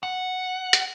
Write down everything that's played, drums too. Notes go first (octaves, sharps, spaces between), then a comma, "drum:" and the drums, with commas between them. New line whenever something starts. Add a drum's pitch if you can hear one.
F#5
drum: hi-hat